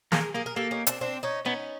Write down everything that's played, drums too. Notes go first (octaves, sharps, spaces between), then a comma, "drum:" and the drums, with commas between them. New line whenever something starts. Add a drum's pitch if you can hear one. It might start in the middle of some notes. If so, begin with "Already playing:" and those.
A#3 G#4 A#4, drum: snare
A#3 G#4 A#4
A#4
A#3 G4 A4
C#4 D#4
C4 D4, drum: hi-hat
C4 D4
C#4 D#4
B3 C#4 D#4